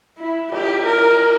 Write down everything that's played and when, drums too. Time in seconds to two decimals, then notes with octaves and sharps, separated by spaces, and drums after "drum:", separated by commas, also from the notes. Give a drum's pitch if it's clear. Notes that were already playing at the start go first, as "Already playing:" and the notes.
0.18 E4
0.52 G4, drum: cymbal
0.86 A#4